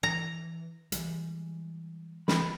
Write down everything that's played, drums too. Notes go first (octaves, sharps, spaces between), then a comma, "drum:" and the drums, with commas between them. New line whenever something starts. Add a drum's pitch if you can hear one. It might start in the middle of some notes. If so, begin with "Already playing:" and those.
E3 A#5
E3 G3 G#3, drum: hi-hat
B5, drum: snare